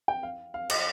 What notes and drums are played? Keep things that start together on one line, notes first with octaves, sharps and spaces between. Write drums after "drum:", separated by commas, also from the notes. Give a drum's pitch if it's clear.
G5
F5
F5
D#5, drum: cymbal